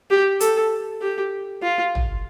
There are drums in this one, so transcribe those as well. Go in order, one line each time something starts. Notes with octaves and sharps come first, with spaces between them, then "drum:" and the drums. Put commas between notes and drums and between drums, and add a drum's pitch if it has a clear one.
G4
A4, drum: hi-hat
G4
F4
drum: tom